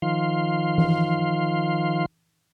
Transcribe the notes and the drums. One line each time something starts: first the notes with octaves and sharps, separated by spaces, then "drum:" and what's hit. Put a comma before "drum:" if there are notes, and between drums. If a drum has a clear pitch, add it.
D#3 F3 F5 C6
drum: tom E3